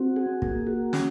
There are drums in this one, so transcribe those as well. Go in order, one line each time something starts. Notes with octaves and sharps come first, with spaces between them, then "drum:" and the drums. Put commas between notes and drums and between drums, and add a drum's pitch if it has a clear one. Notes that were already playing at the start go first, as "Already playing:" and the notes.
Already playing: C4 F#4
G#4
A#3, drum: kick
F#4
C#4, drum: snare